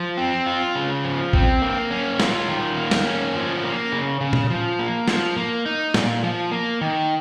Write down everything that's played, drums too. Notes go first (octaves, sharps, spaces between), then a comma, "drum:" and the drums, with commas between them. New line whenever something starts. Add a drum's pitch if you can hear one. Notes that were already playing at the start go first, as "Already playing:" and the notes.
Already playing: F3
C4
F4
C#3
F3
C4, drum: kick
A#3
C#4
F4, drum: snare
D#3
A#3
drum: snare
C#4
F3
A#3
C#3
C#3
drum: tom A#2
F3
A#3
F3, drum: snare
A#3
D#4
A#2, drum: snare
F3
A#3
D#3